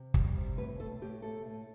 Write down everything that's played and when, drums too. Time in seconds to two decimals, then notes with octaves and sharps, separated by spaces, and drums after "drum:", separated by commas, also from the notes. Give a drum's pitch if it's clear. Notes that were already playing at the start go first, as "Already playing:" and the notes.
Already playing: C3
0.14 G3, drum: kick
0.36 C3
0.57 A2 B4
0.79 A2 A4
1.02 A2 G4
1.22 A2 A4
1.45 A2